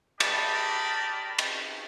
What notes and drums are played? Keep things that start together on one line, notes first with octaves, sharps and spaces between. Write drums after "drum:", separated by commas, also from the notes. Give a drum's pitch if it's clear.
G4 A#4 D5 D#5 A5 B5, drum: cymbal
drum: cymbal